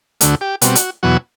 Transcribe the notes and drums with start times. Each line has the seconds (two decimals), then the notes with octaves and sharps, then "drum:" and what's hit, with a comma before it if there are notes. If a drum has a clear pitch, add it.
0.21 D2 D3 A3 F#4, drum: hi-hat
0.41 G4
0.62 B2 G3 C4 F#4, drum: hi-hat
0.75 drum: hi-hat
1.03 E2 B2 F#3 F#4